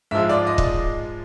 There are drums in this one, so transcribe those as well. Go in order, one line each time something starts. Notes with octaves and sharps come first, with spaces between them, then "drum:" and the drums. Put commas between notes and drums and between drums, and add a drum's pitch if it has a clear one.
G#2 F3 G#3 E5
D5
D#5
drum: kick